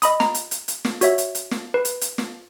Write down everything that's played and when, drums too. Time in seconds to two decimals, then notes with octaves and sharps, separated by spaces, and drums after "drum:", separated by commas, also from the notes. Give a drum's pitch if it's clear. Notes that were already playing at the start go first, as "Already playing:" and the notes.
0.02 D#5 B5 D#6, drum: hi-hat
0.20 A#5, drum: snare
0.34 drum: hi-hat
0.51 drum: hi-hat
0.68 drum: hi-hat
0.85 drum: snare
1.01 F#4 C#5 E5, drum: hi-hat
1.18 drum: hi-hat
1.35 drum: hi-hat
1.51 drum: snare
1.74 B4
1.85 drum: hi-hat
2.01 drum: hi-hat
2.18 drum: snare